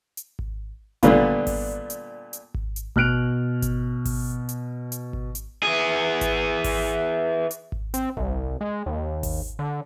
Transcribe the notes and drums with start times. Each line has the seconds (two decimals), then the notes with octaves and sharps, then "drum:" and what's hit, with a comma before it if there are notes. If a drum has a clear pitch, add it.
0.17 drum: hi-hat
0.39 drum: kick G#1
1.03 A#2 D3 G3 B3 D4 F4, drum: kick G#1, hi-hat
1.47 drum: kick G#1, open hi-hat
1.90 drum: hi-hat
2.33 drum: hi-hat
2.54 drum: kick G#1
2.76 drum: hi-hat
2.96 B2 F6 F#6 D7 F7, drum: kick G#1
3.62 drum: kick G#1, hi-hat
4.05 drum: kick G#1, open hi-hat
4.49 drum: hi-hat
4.92 drum: hi-hat
5.13 drum: kick G#1
5.35 drum: hi-hat
5.63 E3 G#4
6.21 drum: kick G#1, hi-hat
6.64 drum: kick G#1, open hi-hat
7.51 drum: hi-hat
7.72 drum: kick G#1
7.94 C4, drum: hi-hat
8.17 C2, drum: kick G#1
8.61 G#3
8.86 D#2
9.23 drum: kick G#1, open hi-hat
9.59 D3